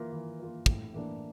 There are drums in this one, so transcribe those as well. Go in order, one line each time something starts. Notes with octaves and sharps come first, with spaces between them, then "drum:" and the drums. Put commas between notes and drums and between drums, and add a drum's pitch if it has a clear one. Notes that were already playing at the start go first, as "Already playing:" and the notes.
Already playing: E3 A#3 F4 A#4
E3
A#3 F4 A#4
A2, drum: kick
E3 A#3 D4